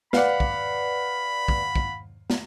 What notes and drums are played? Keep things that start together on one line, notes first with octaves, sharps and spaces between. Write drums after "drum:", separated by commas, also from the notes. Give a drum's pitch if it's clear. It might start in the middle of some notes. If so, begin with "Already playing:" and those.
B4 D5 F5 F#5 B5, drum: snare
drum: kick
drum: kick
drum: kick
drum: snare